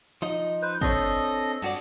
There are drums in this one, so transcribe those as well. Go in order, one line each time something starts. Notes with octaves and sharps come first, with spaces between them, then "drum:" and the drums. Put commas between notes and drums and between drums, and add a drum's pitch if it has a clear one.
F3 D#4 D#5
B4 C5
C4 D4 A4 C#5 D#5, drum: kick
G2 F#4 D5, drum: cymbal